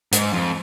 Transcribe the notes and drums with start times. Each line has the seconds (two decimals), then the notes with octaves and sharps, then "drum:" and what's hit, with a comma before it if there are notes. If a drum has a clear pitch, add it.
0.12 G#2, drum: hi-hat
0.33 F2